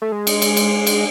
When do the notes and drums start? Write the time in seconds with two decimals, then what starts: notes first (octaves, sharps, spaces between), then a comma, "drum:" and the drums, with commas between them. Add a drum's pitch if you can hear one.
0.02 A3
0.12 G#3
0.27 drum: cymbal
0.42 drum: cymbal
0.57 drum: cymbal
0.87 drum: cymbal